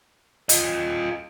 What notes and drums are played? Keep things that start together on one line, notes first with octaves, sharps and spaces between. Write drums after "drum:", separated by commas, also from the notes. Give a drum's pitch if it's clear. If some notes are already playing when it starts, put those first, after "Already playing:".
F4 D#5, drum: hi-hat